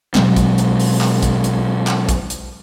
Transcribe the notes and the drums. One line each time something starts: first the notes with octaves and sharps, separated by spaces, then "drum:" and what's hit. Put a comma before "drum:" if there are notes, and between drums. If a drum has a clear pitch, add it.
B2 F#3 G#3 C4, drum: clap
drum: kick A#1, hi-hat
drum: hi-hat
drum: open hi-hat
drum: clap
drum: kick A#1, hi-hat
drum: hi-hat
drum: clap
drum: kick A#1, hi-hat
drum: hi-hat